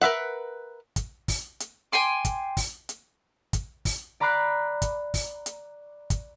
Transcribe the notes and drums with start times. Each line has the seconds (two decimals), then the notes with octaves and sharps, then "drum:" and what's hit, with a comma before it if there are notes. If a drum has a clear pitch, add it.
0.01 A#4 B4 E5 F#5
0.96 drum: kick, hi-hat
1.28 drum: kick, open hi-hat
1.60 drum: hi-hat
1.92 G5 G#5 C6 D6
2.25 drum: kick, hi-hat
2.57 drum: kick, open hi-hat
2.89 drum: hi-hat
3.53 drum: kick, hi-hat
3.85 drum: kick, open hi-hat
4.20 D5 A#5 B5 D6 F#6 C7
4.82 drum: kick, hi-hat
5.14 drum: kick, open hi-hat
5.46 drum: hi-hat
6.10 drum: kick, hi-hat